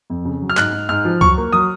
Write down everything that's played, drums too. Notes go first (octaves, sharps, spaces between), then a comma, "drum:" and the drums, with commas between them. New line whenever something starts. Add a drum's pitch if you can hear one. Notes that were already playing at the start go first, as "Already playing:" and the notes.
F2
C#3
F#3
F6
G#2 F#6, drum: clap
G#2
G#2 F6
F3
F#3 C#6, drum: kick C#2
A#3
F#3 D#6